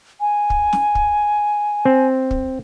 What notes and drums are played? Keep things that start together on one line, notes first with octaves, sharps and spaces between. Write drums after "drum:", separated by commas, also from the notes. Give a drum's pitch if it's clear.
G#5
drum: kick
drum: snare
drum: kick
C4
drum: kick